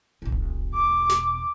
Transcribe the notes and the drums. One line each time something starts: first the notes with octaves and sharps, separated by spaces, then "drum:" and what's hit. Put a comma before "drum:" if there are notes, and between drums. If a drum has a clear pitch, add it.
E1 B1
drum: kick D1
D6
drum: snare